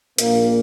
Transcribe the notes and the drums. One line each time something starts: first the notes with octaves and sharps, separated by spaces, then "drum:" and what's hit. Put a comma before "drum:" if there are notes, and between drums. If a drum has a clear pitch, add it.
A#1 A#2 A#3, drum: hi-hat